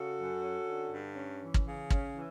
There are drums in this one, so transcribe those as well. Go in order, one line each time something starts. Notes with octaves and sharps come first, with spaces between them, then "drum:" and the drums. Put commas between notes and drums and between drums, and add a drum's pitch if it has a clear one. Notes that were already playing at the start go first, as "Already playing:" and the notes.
Already playing: C#3 F#4 A4
F#2
C#4
D3
G2
C#4
E3
drum: kick
C#3
C#4, drum: kick
E3